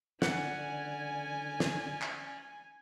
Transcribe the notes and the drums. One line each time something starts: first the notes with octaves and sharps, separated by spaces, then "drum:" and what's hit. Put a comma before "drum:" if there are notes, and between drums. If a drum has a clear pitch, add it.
D3 C#4 D5 F#5 G#5, drum: snare
drum: snare
drum: clap